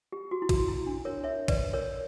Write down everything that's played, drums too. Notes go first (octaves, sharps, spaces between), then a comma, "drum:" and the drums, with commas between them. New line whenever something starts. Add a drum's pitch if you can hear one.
G4
F#4
E4
F#4, drum: kick A#1, cymbal
E4
D4
A#4 C#5
C#5 E5
B4 D5, drum: kick A#1, cymbal
A#4 C#5